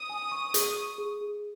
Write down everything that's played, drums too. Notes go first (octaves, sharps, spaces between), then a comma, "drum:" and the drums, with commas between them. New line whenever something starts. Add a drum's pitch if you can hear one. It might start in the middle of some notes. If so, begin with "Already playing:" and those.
Already playing: D#6
G#5
C#6
G#4, drum: hi-hat
C#6
G#4
G#4